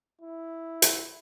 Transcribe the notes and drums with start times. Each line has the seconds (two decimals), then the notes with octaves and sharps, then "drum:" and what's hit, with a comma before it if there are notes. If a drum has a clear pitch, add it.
0.21 E4
0.82 drum: hi-hat